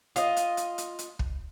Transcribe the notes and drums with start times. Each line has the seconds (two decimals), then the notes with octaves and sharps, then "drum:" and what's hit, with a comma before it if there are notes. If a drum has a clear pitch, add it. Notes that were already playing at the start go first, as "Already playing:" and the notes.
0.16 F4 D#5, drum: hi-hat
0.36 drum: hi-hat
0.57 drum: hi-hat
0.78 drum: hi-hat
0.99 drum: hi-hat
1.19 drum: kick